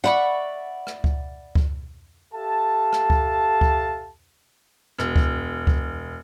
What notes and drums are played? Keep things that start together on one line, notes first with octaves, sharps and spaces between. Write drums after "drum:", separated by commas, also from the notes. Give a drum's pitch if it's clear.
D5 E5 F#5 B5 C#6
drum: rim click
drum: kick C#2
drum: kick C#2
G4 A4 E5 F5 A5
drum: rim click
drum: kick C#2
drum: kick C#2
E1, drum: rim click
drum: kick C#2
drum: kick C#2